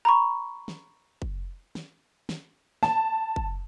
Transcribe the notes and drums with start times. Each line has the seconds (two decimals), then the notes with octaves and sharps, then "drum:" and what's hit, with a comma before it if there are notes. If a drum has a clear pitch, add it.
0.05 A#5 B5 C#6
0.68 drum: snare
1.22 drum: kick
1.75 drum: snare
2.29 drum: snare
2.83 A5, drum: snare
3.36 drum: kick